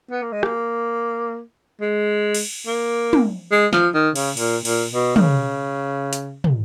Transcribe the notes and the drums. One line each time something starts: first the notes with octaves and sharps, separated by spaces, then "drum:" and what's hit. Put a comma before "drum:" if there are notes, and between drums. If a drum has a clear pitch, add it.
B3
A#3
G#3
A#3, drum: rim click
G#3
drum: cymbal
A#3
drum: tom
G#3
F3, drum: snare
D#3
C#3, drum: cymbal
A#2, drum: cymbal
A#2, drum: cymbal
B2
D#3, drum: tom
C#3
drum: hi-hat
drum: tom